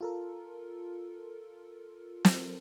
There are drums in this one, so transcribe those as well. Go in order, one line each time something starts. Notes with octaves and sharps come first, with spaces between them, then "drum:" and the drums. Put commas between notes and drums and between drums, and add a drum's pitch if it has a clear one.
F4 A4 A#4
drum: snare